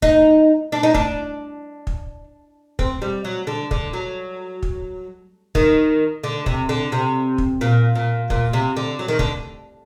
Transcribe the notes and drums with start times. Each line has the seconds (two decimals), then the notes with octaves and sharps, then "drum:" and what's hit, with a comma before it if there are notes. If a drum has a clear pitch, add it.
0.02 D#4, drum: kick
0.72 D4
0.83 D#4
0.94 D4, drum: kick
1.87 drum: kick
2.79 C4, drum: kick
3.02 G3
3.25 F#3
3.47 D3
3.71 D3, drum: kick
3.93 F#3
4.63 drum: kick
5.55 D#3, drum: kick
6.24 D3
6.46 C3, drum: kick
6.69 D3
6.92 C3
7.38 drum: kick
7.61 A#2
7.95 A#2
8.30 A#2, drum: kick
8.53 C3
8.76 D3
8.99 F#3
9.08 D#3
9.19 D3, drum: kick